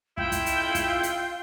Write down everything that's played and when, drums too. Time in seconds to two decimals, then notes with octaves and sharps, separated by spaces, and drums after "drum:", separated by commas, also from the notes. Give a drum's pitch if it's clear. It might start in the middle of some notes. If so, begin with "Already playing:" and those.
0.18 E4 F4 G5, drum: kick
0.32 drum: kick, hi-hat
0.46 drum: hi-hat
0.75 drum: kick, hi-hat
1.03 drum: hi-hat